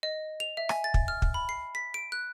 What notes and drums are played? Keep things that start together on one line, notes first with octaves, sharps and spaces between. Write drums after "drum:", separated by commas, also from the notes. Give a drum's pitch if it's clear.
D#5
F7
E5
G#5, drum: rim click
A6
drum: kick
F6
drum: kick
B5
C7
B6
D7
F#6